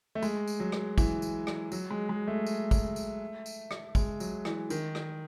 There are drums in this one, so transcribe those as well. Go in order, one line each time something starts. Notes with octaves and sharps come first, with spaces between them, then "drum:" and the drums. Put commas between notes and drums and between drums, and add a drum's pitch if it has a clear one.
A3
G#3, drum: tambourine
drum: tambourine
F#3
drum: rim click
E3, drum: kick, tambourine
drum: tambourine
drum: rim click
F#3, drum: tambourine
G#3
G#3
A3
drum: tambourine
drum: kick, tambourine
drum: tambourine
drum: tambourine
drum: rim click
G#3, drum: kick, tambourine
F#3, drum: tambourine
E3, drum: rim click
D#3, drum: tambourine
drum: rim click